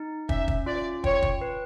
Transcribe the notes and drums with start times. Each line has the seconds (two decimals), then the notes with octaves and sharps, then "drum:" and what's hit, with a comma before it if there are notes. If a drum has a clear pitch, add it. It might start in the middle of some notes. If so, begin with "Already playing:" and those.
Already playing: D#4
0.29 C#4 E5, drum: kick
0.48 drum: kick
0.66 F4 D5
1.04 C#5 G5, drum: kick
1.22 drum: kick
1.41 B4